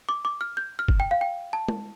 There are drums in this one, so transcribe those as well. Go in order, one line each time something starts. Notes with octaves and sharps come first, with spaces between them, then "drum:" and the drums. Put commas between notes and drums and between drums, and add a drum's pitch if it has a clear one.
D6
D6
F6
G6
F6
drum: kick G1
G5
F5
G5
A5
drum: tom